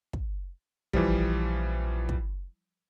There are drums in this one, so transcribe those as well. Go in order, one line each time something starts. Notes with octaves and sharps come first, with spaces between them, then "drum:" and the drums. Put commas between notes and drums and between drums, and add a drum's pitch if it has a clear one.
drum: kick
A#1 E3 F3 G3, drum: kick
drum: kick